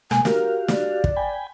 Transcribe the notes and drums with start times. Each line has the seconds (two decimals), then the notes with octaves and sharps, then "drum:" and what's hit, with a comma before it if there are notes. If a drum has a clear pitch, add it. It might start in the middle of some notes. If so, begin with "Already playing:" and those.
0.11 B2 G#3 A#3 G#5, drum: rim click
0.25 F#4 G4 A#4 F5, drum: snare
0.68 D5, drum: snare
1.04 drum: kick
1.16 G5 G#5 B5